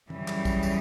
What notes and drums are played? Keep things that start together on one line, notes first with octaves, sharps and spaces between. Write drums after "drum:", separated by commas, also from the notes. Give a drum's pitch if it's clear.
F#2 C#3 E3 G3, drum: tom
drum: clap
drum: kick, tambourine
drum: tambourine